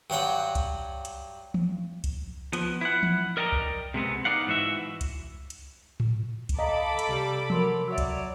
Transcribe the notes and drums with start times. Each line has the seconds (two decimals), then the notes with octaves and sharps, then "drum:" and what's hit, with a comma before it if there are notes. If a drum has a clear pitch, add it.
0.10 G2 F#3 F#5 G5
0.55 drum: kick C2, hi-hat
1.05 drum: hi-hat
1.54 drum: tom E3
2.04 drum: kick C2, hi-hat
2.53 F3 B3, drum: hi-hat
2.81 E4 F#5
3.03 drum: tom E3
3.37 A#4 D5 D#5 G5 G#5 A#5
3.52 drum: kick C2
3.94 C3 G#3 B3 C4
4.25 B3 D#4 D5 F5 F#5
4.47 G#2 E3 F#4 E5
5.01 drum: kick C2, hi-hat
5.50 drum: hi-hat
6.00 drum: tom G#2
6.49 drum: kick C2, hi-hat
6.59 A4 D#5 F5 A#5 B5 D6 B6
6.99 drum: hi-hat
7.09 C3 G3
7.50 F#3 A#4 C6 E6, drum: tom E3
7.88 F#3 D5 E5 C#6 E6
7.98 drum: kick C2, hi-hat